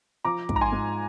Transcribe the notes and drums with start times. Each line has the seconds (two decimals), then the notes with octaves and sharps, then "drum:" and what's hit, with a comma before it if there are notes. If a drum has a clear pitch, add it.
0.25 F3 A#5 D6
0.49 G#2, drum: kick
0.56 A#5
0.61 G#5 C6
0.72 G#2